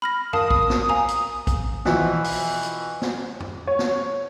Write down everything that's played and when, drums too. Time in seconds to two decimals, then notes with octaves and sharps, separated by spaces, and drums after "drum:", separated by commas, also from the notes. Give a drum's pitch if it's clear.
0.02 B5 F6 A#6
0.33 A#4 F5 A5 D#6, drum: tom F2
0.50 drum: kick A1
0.70 drum: snare
0.89 F5 G#5 A#5
1.08 drum: hi-hat
1.47 drum: kick A1, hi-hat
1.85 B2 E3 F3, drum: snare
2.24 drum: open hi-hat
2.63 drum: hi-hat
3.02 drum: snare
3.40 drum: tom F2
3.67 C#5
3.79 drum: snare